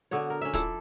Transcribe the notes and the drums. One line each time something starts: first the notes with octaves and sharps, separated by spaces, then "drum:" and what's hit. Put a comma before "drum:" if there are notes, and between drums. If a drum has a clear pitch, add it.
D3 B3 F#4 C#5
A#4
C#4 E5
F3 E4 A4 D5, drum: kick, hi-hat